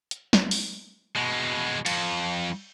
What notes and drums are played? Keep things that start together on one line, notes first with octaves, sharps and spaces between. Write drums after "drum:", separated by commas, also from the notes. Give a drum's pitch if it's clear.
drum: hi-hat
drum: snare
drum: open hi-hat
B2 G#3
F2, drum: cymbal